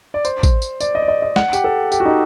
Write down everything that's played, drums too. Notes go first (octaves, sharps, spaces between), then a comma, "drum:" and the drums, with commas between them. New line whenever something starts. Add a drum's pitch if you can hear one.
D5
C5, drum: tambourine
drum: kick, tambourine
drum: tambourine
D5, drum: tambourine
D#5
D5
D#5
D#5
F#5, drum: snare
G4, drum: tambourine
A4
G4, drum: tambourine
F#4
D#4